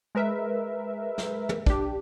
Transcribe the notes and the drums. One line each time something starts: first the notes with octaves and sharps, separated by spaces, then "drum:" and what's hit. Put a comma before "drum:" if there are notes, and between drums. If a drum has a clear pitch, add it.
G#3 A#4 B4 E5
drum: snare
drum: tom
D4 G4, drum: kick